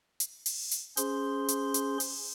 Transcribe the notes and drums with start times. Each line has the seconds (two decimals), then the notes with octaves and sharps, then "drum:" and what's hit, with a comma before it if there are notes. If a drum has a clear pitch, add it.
0.20 drum: hi-hat
0.46 drum: open hi-hat
0.71 drum: hi-hat
0.97 C#4 G#4 C5 C6, drum: hi-hat
1.48 drum: hi-hat
1.74 drum: hi-hat
2.00 drum: open hi-hat